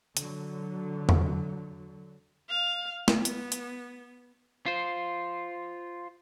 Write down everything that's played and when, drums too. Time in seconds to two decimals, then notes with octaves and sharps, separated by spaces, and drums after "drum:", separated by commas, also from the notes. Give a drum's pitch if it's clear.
0.17 D3 F#3, drum: hi-hat
1.09 drum: tom E2
2.49 F5
3.08 B3, drum: snare
3.25 drum: hi-hat
3.52 drum: hi-hat
4.66 F4 C5